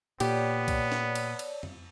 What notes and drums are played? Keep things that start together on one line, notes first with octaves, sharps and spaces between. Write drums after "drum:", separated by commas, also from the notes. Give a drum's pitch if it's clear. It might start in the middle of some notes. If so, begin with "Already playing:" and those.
A#2 B3 G4 C#5 D5 A5, drum: cymbal
drum: kick, cymbal
drum: snare
drum: cymbal
drum: cymbal
drum: tom F2